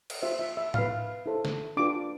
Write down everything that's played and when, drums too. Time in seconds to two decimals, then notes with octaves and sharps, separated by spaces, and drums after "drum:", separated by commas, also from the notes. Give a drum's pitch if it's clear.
0.10 drum: cymbal
0.22 F4 C5 E5
0.39 E5
0.57 E5
0.74 E4 B4 F5, drum: tom A2
1.26 E4 A4 C5
1.45 drum: snare
1.77 D4 F4 B4 D6